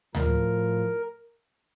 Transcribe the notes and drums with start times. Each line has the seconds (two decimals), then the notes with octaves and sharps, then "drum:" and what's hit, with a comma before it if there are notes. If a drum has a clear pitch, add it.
0.15 A2 F3 A#4, drum: tom D2